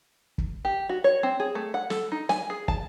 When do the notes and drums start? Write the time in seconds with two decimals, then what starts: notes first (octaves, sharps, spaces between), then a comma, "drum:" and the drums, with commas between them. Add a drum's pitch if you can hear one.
0.38 drum: kick
0.65 G4
0.89 F#4
1.04 C#5
1.23 C4
1.40 G#4
1.55 A3
1.74 F#5
1.90 A4, drum: snare
2.12 D#4
2.29 G#5, drum: snare
2.50 G#4
2.68 A5, drum: kick